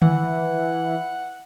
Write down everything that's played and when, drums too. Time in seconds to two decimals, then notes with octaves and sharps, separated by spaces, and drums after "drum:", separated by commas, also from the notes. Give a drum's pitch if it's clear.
0.02 E3 F#5, drum: tom D3